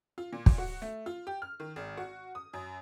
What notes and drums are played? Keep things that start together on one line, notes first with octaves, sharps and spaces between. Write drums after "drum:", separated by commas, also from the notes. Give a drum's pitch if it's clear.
F4
A#2
drum: kick
F#4
A3
F4
G4
F6
D#3
G#1
F#4
D#6
F#2